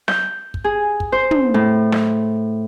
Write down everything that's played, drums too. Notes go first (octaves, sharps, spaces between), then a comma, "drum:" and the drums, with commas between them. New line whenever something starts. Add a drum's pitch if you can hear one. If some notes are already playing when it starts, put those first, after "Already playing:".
G6, drum: snare
drum: kick
G#4
drum: kick
C5
drum: tom
A2
drum: snare